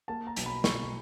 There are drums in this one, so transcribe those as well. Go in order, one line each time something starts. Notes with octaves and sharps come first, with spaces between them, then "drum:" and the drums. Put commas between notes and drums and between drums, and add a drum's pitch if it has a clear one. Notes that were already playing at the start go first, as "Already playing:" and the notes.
A#3 A5
A#5
B1, drum: hi-hat
B5
B1 C#6, drum: snare